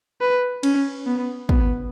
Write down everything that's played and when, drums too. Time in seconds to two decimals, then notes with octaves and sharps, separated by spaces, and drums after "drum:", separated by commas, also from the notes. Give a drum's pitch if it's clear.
0.21 B4
0.63 C#4, drum: cymbal
1.06 B3
1.49 B3, drum: kick